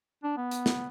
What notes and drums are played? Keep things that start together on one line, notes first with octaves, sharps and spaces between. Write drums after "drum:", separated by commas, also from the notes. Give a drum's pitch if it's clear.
D4
B3
drum: hi-hat
drum: snare